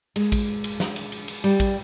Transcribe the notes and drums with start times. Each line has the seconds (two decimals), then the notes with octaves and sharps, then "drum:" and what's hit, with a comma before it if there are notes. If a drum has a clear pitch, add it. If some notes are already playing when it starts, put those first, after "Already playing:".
0.16 G#3, drum: cymbal
0.32 drum: kick, cymbal
0.64 drum: cymbal
0.80 drum: snare
0.96 drum: cymbal
1.12 drum: cymbal
1.28 drum: cymbal
1.44 G3, drum: cymbal
1.60 drum: kick, cymbal